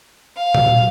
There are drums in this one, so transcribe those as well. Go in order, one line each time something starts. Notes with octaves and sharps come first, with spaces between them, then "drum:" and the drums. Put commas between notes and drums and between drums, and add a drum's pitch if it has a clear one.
F5
drum: tom A#2